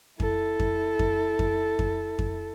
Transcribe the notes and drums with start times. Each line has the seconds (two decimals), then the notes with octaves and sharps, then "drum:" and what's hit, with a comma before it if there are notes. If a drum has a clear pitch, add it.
0.20 E4 A4, drum: kick F2
0.60 drum: kick F2
0.99 drum: kick F2
1.39 drum: kick F2
1.79 drum: kick F2
2.19 drum: kick F2